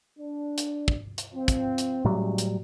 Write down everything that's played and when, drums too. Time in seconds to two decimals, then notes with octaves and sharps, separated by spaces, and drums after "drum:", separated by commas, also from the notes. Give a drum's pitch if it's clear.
0.19 D4
0.58 drum: hi-hat
0.88 drum: kick
1.18 drum: hi-hat
1.33 F3 C4
1.48 drum: kick, hi-hat
1.78 drum: hi-hat
2.05 C#2 A2 F#3 G3
2.38 drum: hi-hat